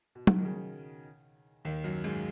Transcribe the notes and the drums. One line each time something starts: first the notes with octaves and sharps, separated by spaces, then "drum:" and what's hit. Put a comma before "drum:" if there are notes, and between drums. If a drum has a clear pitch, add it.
B2
drum: tom F#3
D#3
C#3
D#2 D#3
F#2 F#3
G#2 G#3